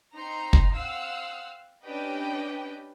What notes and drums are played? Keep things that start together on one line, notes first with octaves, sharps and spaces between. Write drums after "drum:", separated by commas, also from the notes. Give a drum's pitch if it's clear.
C4 D#4 A#5 C6
drum: kick
C4 F5 F#5 E6
C#4 D4 G4 B4 D#5 G5